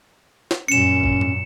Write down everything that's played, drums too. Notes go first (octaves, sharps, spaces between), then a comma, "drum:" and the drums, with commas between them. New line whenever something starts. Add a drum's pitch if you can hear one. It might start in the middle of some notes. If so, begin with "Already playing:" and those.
drum: snare
F#2 A#2 C#4 C#7 E7
drum: kick
drum: tom G#2